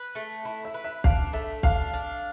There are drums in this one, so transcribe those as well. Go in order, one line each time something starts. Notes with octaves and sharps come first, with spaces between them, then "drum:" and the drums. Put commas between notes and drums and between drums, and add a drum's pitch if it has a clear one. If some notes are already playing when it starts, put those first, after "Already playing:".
Already playing: B4
A3
E4
E5
B4
E5
D4 F5, drum: kick
A3 E5
D4 F5, drum: kick
D4